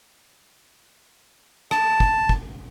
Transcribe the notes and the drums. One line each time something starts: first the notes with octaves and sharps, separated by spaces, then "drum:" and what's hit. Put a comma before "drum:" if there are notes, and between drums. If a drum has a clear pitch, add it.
A5, drum: rim click
drum: kick
drum: kick